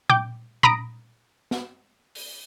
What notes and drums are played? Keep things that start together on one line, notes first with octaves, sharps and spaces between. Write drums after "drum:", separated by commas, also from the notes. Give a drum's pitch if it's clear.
G5 D6 G6, drum: tom A#2
A#5 B5 D#6 A#6 D7, drum: tom A#2
drum: snare
drum: open hi-hat